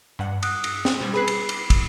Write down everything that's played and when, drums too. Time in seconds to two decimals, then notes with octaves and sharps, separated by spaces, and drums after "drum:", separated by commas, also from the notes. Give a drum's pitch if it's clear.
0.19 G2 F#5
0.43 D#6 F#6, drum: cymbal
0.64 drum: cymbal
0.85 drum: snare C4
1.00 B2 G3 G#6
1.14 G#4 B4 B5 F#6 C7
1.28 drum: cymbal
1.49 drum: cymbal
1.70 drum: kick, cymbal